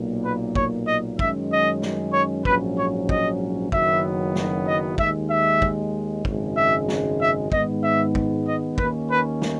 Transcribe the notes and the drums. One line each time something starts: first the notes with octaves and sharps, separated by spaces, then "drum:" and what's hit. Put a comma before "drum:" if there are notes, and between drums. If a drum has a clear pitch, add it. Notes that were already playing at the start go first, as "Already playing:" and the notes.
Already playing: B1 A#2 A#3
B4
C#5, drum: kick
D#5
F#2 D#3 G#3 C#4 E5, drum: kick
D#5
drum: snare
C#5
A#1 G#2 F#3 C#4 B4, drum: kick
C#5
D#5, drum: kick
F#1 F#2 D#3 F#3 B3 E5, drum: kick
drum: snare
D#5
D#2 D#3 G#3 E5, drum: kick
E5
drum: kick
G#1 F#2 C#3 G#3, drum: kick
E5
drum: snare
E5
G#2 D#3 G#3 B3 D#5, drum: kick
E5
drum: kick
D#5
D#2 D#3 A#3 C#4 B4, drum: kick
B4
drum: snare